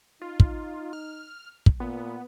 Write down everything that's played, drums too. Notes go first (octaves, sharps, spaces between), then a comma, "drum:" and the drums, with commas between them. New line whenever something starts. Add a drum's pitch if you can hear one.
D#4 F4
drum: kick
F6
drum: kick
A#2 B3